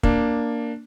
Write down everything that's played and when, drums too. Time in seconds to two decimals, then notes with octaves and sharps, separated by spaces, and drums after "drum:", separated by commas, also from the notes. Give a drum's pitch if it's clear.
0.03 A#3 D4, drum: kick